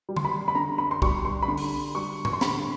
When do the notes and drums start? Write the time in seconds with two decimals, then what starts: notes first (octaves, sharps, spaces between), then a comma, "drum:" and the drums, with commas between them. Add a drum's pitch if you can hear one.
0.09 G3
0.17 C6, drum: tom D3
0.25 B5
0.48 B5
0.55 D3 A#5
0.78 B5
0.91 C6
1.02 G3 C#6, drum: kick
1.25 C6
1.42 B5
1.48 D3 C6
1.58 drum: open hi-hat
1.95 G3 C#6
2.25 C#6, drum: tom G#2
2.33 C6
2.41 D3 B5, drum: snare